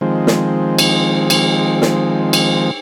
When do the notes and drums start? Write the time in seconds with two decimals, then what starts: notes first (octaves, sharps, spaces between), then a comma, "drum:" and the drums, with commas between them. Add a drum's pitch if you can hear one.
0.01 D#3 F3 G#3 C4
0.27 drum: snare
0.79 drum: cymbal
1.30 drum: cymbal
1.82 drum: snare
2.33 drum: cymbal